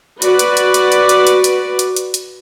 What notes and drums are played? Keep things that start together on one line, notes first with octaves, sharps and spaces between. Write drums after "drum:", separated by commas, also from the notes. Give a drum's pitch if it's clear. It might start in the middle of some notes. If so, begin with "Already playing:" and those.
F#4 B4 D5, drum: hi-hat
drum: hi-hat
drum: hi-hat
drum: hi-hat
drum: hi-hat
drum: hi-hat
drum: hi-hat
drum: hi-hat
drum: hi-hat
drum: hi-hat
drum: hi-hat